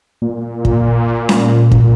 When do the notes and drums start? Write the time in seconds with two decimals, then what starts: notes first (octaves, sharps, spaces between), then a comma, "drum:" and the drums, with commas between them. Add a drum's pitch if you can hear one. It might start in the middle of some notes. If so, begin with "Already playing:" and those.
0.22 A#2
0.65 drum: kick
1.29 drum: snare C#4
1.72 drum: kick